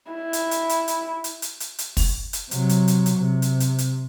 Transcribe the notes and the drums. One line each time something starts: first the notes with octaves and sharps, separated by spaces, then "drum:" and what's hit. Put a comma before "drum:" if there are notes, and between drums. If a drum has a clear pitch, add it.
E4
drum: hi-hat
drum: hi-hat
drum: hi-hat
drum: hi-hat
drum: hi-hat
drum: hi-hat
drum: hi-hat
drum: hi-hat
drum: kick, open hi-hat
drum: hi-hat
C3 F#3, drum: hi-hat
drum: hi-hat
drum: hi-hat
drum: hi-hat
C3
drum: hi-hat
drum: hi-hat
drum: hi-hat